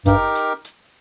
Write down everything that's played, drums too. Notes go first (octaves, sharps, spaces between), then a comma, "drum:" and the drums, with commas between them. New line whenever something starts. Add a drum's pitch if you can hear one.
G2 D#4 G4 A#4, drum: kick G#1, hi-hat
drum: hi-hat
drum: hi-hat